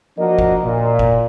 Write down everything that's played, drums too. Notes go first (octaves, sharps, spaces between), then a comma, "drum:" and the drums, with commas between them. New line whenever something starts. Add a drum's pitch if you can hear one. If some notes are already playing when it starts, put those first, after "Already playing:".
F3 A#3 D4 F#4 A#4 D#5
drum: kick G1
A#2
drum: kick G1